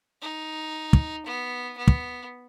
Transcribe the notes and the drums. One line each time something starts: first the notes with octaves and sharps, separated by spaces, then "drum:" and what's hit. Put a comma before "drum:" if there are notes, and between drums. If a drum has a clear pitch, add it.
D#4
drum: kick
B3
B3
drum: kick